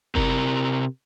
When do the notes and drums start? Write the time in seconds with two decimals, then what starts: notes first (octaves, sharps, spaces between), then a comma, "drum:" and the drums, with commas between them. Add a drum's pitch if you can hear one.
0.15 C3 A#4, drum: kick F#1